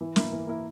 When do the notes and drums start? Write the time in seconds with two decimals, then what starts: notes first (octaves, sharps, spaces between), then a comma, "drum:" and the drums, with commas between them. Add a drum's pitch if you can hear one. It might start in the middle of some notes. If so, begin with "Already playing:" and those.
0.01 E3
0.16 A#3 E4 A#4, drum: snare
0.32 E3
0.47 A#3 E4 A#4